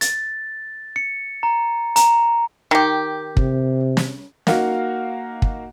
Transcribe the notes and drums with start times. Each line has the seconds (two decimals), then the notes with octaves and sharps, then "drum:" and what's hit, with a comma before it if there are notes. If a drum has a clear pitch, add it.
0.01 A6, drum: hi-hat
0.96 C#7
1.43 A#5
1.96 A#5, drum: hi-hat
2.71 D#3 G4
3.37 C3, drum: kick
3.97 drum: snare
4.47 A#3 D#4 F#4 F5 F#5, drum: snare
5.42 drum: kick